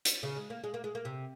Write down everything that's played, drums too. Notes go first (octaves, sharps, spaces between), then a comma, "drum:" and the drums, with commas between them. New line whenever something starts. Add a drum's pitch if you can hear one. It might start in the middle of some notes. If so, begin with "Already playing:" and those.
drum: hi-hat
C#3
G#3
A#3
G#3
A#3
G#3
A#3
C3